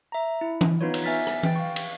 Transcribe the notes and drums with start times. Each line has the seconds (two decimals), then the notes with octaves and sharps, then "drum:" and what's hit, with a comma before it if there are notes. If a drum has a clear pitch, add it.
0.12 E5 A#5
0.41 E4
0.61 drum: tom E3
0.81 B3 D#4 F4 B4 C#5
0.94 drum: cymbal
1.04 B3 E5 G#5 F6 A6 B6
1.27 drum: rim click
1.43 B4 G5 A6, drum: tom E3
1.56 F5 C#6
1.76 drum: cymbal